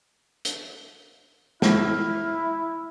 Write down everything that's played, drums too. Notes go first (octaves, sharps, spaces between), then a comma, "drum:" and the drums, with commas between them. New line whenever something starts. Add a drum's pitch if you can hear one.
drum: hi-hat
E4 F6, drum: snare